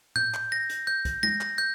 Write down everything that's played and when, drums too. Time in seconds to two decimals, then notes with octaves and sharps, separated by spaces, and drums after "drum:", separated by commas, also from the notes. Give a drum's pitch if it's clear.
0.16 G6, drum: tom A2
0.34 drum: clap
0.52 A#6
0.70 drum: hi-hat
0.87 G6
1.05 drum: kick, hi-hat
1.23 A#6, drum: tom G#3
1.41 drum: clap
1.58 G6